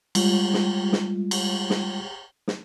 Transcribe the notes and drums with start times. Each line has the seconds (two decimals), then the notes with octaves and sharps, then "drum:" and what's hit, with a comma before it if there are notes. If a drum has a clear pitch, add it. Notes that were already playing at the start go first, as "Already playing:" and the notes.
0.15 G3 G#3 F4, drum: cymbal
0.54 drum: snare
0.93 drum: snare
1.31 drum: cymbal
1.70 drum: snare
2.48 drum: snare